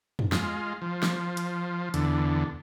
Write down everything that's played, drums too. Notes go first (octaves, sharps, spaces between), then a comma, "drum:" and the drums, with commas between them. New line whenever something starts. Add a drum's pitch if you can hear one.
drum: tom
G#3 F4, drum: snare
F3
drum: snare
drum: hi-hat
E2 D3, drum: hi-hat